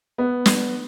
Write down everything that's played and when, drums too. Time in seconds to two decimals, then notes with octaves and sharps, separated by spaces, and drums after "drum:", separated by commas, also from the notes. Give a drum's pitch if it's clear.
0.18 B3
0.46 drum: snare